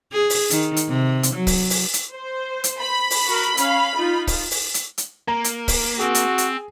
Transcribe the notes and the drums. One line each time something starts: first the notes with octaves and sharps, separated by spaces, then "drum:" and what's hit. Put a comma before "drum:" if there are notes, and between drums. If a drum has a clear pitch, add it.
G#4
drum: open hi-hat
D#3, drum: hi-hat
drum: hi-hat
C3
drum: hi-hat
F#3
drum: kick, open hi-hat
drum: open hi-hat
drum: hi-hat
C5
drum: hi-hat
B5
drum: open hi-hat
F#4 A#4
C#4 F5, drum: hi-hat
D#4 F4
drum: kick, open hi-hat
drum: open hi-hat
drum: hi-hat
drum: hi-hat
A#3 A#5
drum: hi-hat
drum: kick, open hi-hat
C4 F#4 G#4
drum: hi-hat
drum: hi-hat